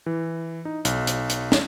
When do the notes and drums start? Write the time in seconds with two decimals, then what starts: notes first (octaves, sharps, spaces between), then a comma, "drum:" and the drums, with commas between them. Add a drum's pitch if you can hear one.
0.06 E3
0.65 D#4
0.85 B1, drum: hi-hat
1.07 drum: hi-hat
1.29 drum: hi-hat
1.52 drum: snare